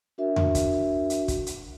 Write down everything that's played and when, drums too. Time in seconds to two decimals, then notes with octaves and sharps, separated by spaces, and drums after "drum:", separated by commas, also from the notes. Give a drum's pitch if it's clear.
0.18 D4 F#4 A#4 E5
0.36 drum: tom E2
0.55 drum: kick, hi-hat
1.10 drum: hi-hat
1.28 drum: kick, hi-hat
1.46 drum: hi-hat